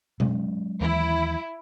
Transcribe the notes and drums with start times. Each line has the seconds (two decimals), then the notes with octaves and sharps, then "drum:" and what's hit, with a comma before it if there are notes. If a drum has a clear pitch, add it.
0.20 F#3 G#3 C#4, drum: tom B2
0.81 D#2 E3 E4